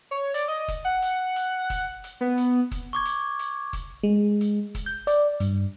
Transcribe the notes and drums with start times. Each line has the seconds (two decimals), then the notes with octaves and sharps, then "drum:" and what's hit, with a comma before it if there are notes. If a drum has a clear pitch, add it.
0.11 C#5
0.34 D5, drum: hi-hat
0.48 D#5
0.68 drum: kick, hi-hat
0.85 F#5
1.02 drum: hi-hat
1.36 drum: hi-hat
1.70 drum: kick, hi-hat
2.04 drum: hi-hat
2.21 B3
2.38 drum: hi-hat
2.71 drum: kick, hi-hat
2.93 C#6 D6 G#6
3.05 drum: hi-hat
3.39 drum: hi-hat
3.73 drum: kick, hi-hat
4.03 G#3
4.41 drum: hi-hat
4.75 drum: kick, hi-hat
4.86 G6
5.07 D5, drum: hi-hat
5.40 G2, drum: hi-hat